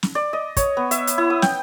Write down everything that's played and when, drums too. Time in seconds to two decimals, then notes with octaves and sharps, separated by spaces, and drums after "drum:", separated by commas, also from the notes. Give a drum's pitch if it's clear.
0.03 drum: snare
0.15 D5
0.33 D#5
0.57 C#5, drum: kick, hi-hat
0.77 B3
0.91 E5, drum: hi-hat
1.07 drum: hi-hat
1.18 E4
1.30 D#6
1.42 G5, drum: snare